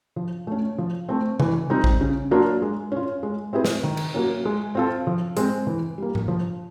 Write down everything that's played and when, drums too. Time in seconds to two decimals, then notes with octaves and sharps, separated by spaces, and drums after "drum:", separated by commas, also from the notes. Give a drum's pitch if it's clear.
0.16 F3
0.47 A3 C#4
0.78 F3
1.09 A3 C4
1.40 E3, drum: tom C3
1.70 G3 C4 D#4 G4
1.84 drum: kick
2.01 C#3
2.31 F#3 A#3 D4 F4
2.62 G#3
2.92 C#4 F4
3.23 G#3
3.53 C4 E4 G#4 B4
3.65 drum: snare
3.83 D#3
3.97 drum: cymbal
4.14 F#3 A#3 C#4
4.45 G#3
4.75 C4 F4 A4
5.07 F3
5.37 G#3 C4, drum: hi-hat
5.67 E3
5.98 G3 A#3
6.15 drum: tom G#2
6.28 F3